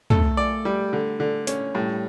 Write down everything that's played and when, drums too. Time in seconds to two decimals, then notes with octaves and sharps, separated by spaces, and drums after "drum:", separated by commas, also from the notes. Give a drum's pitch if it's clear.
0.10 A3 A4, drum: tom
0.37 D5
0.65 G3
0.93 D3
1.20 D3
1.47 C#4, drum: hi-hat
1.75 A2 G3